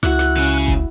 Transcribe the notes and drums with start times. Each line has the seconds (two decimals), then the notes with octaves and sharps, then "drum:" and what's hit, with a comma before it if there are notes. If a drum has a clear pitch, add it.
0.03 C#2 E4 F#4 F#6, drum: snare
0.19 drum: snare
0.37 C#3
0.68 drum: kick